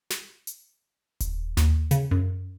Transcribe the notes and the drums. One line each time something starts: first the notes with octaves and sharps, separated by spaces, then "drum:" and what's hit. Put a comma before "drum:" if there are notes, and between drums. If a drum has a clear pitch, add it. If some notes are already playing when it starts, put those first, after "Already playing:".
drum: snare
drum: hi-hat
drum: kick D#1, hi-hat
D#2, drum: snare
C#3, drum: hi-hat
F#2